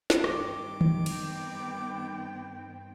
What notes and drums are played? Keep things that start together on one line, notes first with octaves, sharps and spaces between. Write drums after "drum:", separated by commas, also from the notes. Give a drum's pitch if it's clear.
drum: snare
G2 D#3 C4 G4 D6, drum: rim click
drum: tom
B3 G5, drum: cymbal